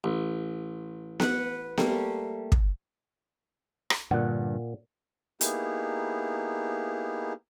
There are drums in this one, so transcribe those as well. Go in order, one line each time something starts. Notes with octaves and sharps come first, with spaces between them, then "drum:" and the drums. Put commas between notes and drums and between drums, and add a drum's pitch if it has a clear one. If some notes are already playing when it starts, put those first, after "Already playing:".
A1
B4 F#5, drum: snare B3
G3 A3 A#3, drum: snare B3
drum: kick
drum: rim click
G2 A#2 D3 F#5
A#3 B3 D#4 E4 G4 G#4, drum: hi-hat